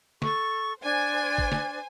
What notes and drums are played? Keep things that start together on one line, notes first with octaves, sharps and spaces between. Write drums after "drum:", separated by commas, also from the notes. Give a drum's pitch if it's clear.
A4 C#6, drum: snare
D4 C5 G#5
drum: kick
drum: snare